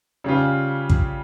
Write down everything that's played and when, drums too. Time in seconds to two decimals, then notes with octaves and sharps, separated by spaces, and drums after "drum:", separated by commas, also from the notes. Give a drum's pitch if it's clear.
0.24 C#3 G3 C#4 F4
0.90 drum: kick